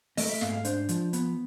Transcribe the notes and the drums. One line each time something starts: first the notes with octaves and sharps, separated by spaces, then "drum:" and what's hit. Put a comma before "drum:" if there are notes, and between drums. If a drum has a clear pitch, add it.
A3 D#5, drum: open hi-hat
E5
G#2 F5, drum: snare
F5
D4 C5, drum: hi-hat
F3, drum: hi-hat
B3, drum: hi-hat